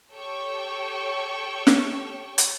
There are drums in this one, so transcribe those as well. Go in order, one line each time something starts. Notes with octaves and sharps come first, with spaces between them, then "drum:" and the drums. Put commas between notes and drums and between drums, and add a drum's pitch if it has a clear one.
G4 A4 C#5 G5 C#6
drum: snare
drum: hi-hat